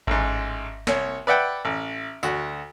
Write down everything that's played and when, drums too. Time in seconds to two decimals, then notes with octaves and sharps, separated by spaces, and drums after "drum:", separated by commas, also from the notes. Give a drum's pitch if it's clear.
0.07 A1 G#2, drum: kick G#1
0.87 C2 C#5, drum: snare
1.27 B4 D5 E5 F#5 G5
1.65 A1
2.23 D2 F#4, drum: tambourine